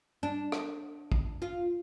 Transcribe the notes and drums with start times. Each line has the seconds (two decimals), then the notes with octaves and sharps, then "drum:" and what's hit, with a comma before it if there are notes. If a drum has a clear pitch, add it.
0.23 D4
0.52 drum: rim click
1.12 drum: kick
1.42 F4